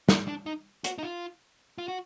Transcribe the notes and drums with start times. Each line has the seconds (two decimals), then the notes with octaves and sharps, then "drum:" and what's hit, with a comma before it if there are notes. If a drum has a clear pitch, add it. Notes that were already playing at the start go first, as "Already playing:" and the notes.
0.09 A#3, drum: snare
0.28 D4
0.46 D#4
0.84 F#4, drum: hi-hat
0.98 D#4
1.03 F4
1.78 F4
1.88 F#4